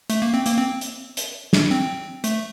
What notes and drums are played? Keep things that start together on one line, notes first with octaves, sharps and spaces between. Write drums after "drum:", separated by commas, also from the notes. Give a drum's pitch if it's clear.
A3, drum: hi-hat
A#3
C4
A#3, drum: hi-hat
C4
drum: hi-hat
drum: hi-hat
drum: snare
C4
A3, drum: hi-hat